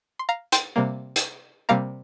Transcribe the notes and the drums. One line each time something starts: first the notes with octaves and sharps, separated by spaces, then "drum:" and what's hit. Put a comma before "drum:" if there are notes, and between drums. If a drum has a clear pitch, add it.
C6
F5 A#5
G5 C6, drum: hi-hat
C3 G3 A#3
drum: hi-hat
C3 G3 A#3 F5 A#5